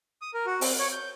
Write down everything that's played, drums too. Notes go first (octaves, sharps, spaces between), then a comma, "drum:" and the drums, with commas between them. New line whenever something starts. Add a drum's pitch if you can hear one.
D#6
A#4
F#4
C4, drum: open hi-hat
C#5
G6